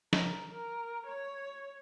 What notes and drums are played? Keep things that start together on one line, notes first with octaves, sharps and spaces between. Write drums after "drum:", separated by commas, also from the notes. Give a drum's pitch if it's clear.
A#4, drum: snare
A#4
C#5